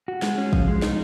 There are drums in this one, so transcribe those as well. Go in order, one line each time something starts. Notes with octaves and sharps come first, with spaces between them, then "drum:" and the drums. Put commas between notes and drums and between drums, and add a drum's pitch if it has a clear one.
F#4
G#3, drum: snare
C#4
F3, drum: kick
G#3
D#4, drum: snare